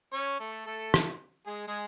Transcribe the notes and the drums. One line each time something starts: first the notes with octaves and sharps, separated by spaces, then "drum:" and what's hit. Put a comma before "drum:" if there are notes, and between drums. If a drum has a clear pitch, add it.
C#4 C#5
A3 A4
A3 A4
drum: rim click
G#3 G#4
G#3 G#4